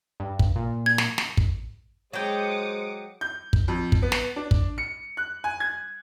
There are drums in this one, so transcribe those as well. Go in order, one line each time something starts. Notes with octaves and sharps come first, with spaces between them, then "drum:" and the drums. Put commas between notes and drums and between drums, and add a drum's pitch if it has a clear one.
G2
drum: kick
A#2
G#6
drum: snare
drum: snare
drum: kick
F#3 G#3 C5 G5 D6 D#6 C#7
G6
drum: kick
F2
drum: kick
B3
drum: snare
D4
drum: kick
C#7
F#6
G#5
G#6